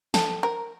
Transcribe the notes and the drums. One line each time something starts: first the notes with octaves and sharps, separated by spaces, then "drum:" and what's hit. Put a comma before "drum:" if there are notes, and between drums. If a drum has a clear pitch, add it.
A4, drum: snare
A#4